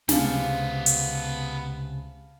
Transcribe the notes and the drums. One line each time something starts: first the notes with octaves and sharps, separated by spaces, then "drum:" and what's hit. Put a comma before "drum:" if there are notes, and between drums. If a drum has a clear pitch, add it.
C#2 C3 B3 G4 G#4 F5 A5, drum: snare
drum: hi-hat